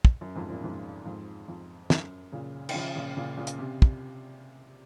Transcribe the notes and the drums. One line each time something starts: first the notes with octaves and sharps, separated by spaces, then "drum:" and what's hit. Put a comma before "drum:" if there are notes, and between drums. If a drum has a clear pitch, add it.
drum: kick
F#2
F2 G#2
F#2 A#2
F2 G#2
F2 G#2
F2
F#2, drum: snare
A#2 C#3
D#3, drum: cymbal
C#3 F3
A#2 C#3
A#2 C#3
A#2 C#3
drum: hi-hat
C3
drum: kick